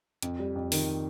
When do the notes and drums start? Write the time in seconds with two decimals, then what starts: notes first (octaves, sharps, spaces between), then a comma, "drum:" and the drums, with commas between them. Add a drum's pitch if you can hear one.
0.23 F2, drum: hi-hat
0.39 G3
0.56 F2
0.72 D#3, drum: open hi-hat